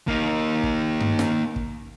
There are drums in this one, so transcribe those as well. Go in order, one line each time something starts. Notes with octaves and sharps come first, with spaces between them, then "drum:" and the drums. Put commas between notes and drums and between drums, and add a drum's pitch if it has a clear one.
A#3 D#4, drum: kick
drum: kick
drum: tom G2
drum: snare
drum: kick